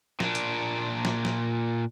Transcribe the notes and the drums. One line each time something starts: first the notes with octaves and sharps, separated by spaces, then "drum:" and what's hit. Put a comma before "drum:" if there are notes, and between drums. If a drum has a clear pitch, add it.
A#2 D4, drum: snare
drum: hi-hat
drum: snare
drum: snare